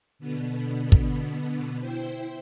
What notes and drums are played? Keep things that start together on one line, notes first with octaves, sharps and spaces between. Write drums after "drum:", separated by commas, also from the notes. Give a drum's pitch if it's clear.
B2 D3 B3
drum: kick
E4 C5 G5